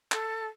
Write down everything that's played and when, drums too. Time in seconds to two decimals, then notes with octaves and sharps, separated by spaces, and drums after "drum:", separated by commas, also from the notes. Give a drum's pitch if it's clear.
0.12 A4, drum: clap